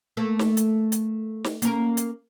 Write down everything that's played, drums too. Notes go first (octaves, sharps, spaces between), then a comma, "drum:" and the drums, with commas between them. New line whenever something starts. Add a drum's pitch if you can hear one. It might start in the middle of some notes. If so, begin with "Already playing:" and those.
A3 A#3
drum: snare
drum: hi-hat
drum: hi-hat
drum: snare
A#3 C#4 A#4, drum: hi-hat
drum: hi-hat